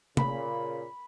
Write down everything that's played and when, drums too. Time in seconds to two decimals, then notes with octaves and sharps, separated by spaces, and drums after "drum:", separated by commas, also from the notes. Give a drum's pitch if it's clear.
0.17 A#2 C#3 B5, drum: tom C3